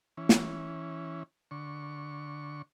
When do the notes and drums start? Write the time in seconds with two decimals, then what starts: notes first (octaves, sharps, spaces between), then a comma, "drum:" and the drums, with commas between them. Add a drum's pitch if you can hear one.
0.17 E3 C#4
0.29 drum: snare
1.51 D3 C#6